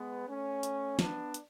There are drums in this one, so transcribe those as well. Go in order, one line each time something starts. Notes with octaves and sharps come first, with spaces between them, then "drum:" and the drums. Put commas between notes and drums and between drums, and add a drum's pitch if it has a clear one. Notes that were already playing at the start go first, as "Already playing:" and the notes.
Already playing: G#3 B3
A3 C#4
drum: hi-hat
B3 D4, drum: snare
drum: hi-hat